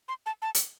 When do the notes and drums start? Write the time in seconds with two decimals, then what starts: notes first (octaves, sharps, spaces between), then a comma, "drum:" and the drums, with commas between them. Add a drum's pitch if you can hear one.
0.08 C6
0.26 A5
0.42 A5
0.55 drum: hi-hat